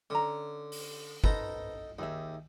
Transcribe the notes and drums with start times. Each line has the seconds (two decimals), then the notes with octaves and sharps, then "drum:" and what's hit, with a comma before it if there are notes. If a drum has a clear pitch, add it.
0.10 D3 C#4 A#5
0.72 drum: open hi-hat
1.24 D#4 A4 B4 C5 A#5, drum: kick
1.99 D#2 D#4 G#4 E5